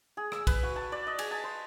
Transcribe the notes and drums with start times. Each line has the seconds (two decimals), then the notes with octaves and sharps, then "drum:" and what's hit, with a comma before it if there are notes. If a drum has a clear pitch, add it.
0.17 G#4
0.32 E6, drum: rim click
0.47 B4, drum: kick, cymbal
0.63 F#4
0.76 A5
0.92 D5
1.07 D#5
1.19 G#4, drum: cymbal
1.31 A5
1.44 C5